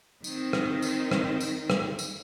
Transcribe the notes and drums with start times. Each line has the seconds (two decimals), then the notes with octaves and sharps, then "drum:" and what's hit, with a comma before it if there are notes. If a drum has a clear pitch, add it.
0.24 D#3 C4, drum: tambourine
0.53 drum: rim click
0.82 drum: tambourine
1.11 drum: rim click
1.41 drum: tambourine
1.70 drum: rim click
1.99 drum: tambourine